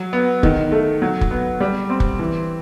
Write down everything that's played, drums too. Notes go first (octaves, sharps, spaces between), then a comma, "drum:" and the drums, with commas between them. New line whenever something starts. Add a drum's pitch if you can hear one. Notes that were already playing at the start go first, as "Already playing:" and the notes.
Already playing: F#3
B3
D#3, drum: kick
A3
F#3
drum: kick
B3
G3
C4
drum: kick
E3